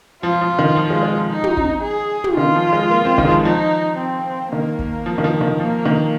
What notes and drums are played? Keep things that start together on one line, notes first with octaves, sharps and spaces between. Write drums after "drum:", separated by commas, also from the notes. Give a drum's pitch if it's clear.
F3 F4
F3
D#3
F3
G#3
G#3
F3
D#4
drum: tom
drum: kick
G#4
drum: tom
D#3 F4
F3
G#3
A#3
C4
D#3, drum: kick
G#3
F3
F3 D#4
C4
D#3 A#3
drum: kick
F3
D#3
F3
D#3
F3 A#3
D#3